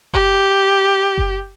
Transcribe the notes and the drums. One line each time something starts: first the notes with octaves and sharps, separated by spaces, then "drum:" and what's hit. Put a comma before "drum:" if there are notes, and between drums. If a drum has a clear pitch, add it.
G4, drum: kick F#1
drum: kick F#1